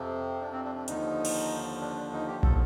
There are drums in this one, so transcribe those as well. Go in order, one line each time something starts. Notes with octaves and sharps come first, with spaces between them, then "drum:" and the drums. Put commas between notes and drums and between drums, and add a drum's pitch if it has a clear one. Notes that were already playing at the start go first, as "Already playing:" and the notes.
Already playing: F2 C3 F3
D4
C4
D4
D4
D#2 D3 F3 D#4, drum: hi-hat
drum: cymbal
D4
D4
D#4
G4
A4, drum: kick